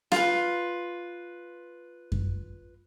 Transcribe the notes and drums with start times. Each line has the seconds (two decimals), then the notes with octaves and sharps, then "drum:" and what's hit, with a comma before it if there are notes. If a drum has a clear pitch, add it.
0.12 F4 B4, drum: rim click
2.12 drum: kick F#2